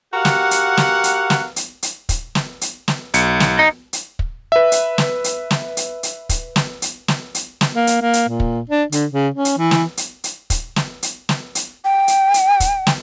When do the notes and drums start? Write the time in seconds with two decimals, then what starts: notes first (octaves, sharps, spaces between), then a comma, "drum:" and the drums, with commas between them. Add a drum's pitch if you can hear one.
0.14 F#4 G4 A#4 F5 F#5
0.25 drum: snare
0.51 drum: hi-hat
0.77 drum: snare
1.04 drum: hi-hat
1.30 drum: snare
1.56 drum: hi-hat
1.83 drum: hi-hat
2.09 drum: kick, hi-hat
2.35 drum: snare
2.61 drum: hi-hat
2.88 drum: snare
3.14 B1 C#7, drum: hi-hat
3.40 drum: snare
3.59 D#4
3.93 drum: hi-hat
4.19 drum: kick
4.52 B4 E5
4.72 drum: hi-hat
4.98 drum: snare
5.24 drum: hi-hat
5.51 drum: snare
5.77 drum: hi-hat
6.03 drum: hi-hat
6.29 drum: kick, hi-hat
6.56 drum: snare
6.82 drum: hi-hat
7.08 drum: snare
7.35 drum: hi-hat
7.61 drum: snare
7.75 A#3
7.87 drum: hi-hat
8.02 A#3
8.13 drum: hi-hat
8.29 A#2
8.40 drum: kick
8.70 D4
8.92 D3, drum: hi-hat
9.12 C#3
9.34 C#4
9.45 drum: hi-hat
9.58 E3
9.71 drum: snare
9.97 drum: hi-hat
10.24 drum: hi-hat
10.50 drum: kick, hi-hat
10.76 drum: snare
11.03 drum: hi-hat
11.29 drum: snare
11.55 drum: hi-hat
11.85 G5
12.08 drum: hi-hat
12.34 drum: hi-hat
12.60 drum: kick, hi-hat
12.87 drum: snare